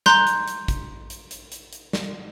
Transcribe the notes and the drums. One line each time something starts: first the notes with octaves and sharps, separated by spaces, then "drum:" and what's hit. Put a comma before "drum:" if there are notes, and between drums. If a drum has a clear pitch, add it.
A#5 C6 F#6 G6, drum: snare
drum: hi-hat
drum: hi-hat
drum: kick, hi-hat
drum: hi-hat
drum: hi-hat
drum: hi-hat
drum: hi-hat
drum: snare